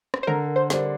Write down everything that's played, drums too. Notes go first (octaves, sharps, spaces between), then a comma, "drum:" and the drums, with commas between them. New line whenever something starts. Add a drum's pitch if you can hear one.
drum: rim click
C5
D3 A#4
C5
G3 D4, drum: snare